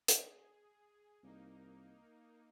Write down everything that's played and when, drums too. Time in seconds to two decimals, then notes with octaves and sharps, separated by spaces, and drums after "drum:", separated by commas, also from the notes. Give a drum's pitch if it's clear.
0.08 drum: hi-hat
0.20 G#4
1.23 C2 A#3 D#4